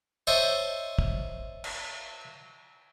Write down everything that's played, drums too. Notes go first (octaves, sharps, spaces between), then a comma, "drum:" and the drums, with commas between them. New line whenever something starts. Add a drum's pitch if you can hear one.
C5 C#5 D#5 E5 A5
drum: kick
drum: cymbal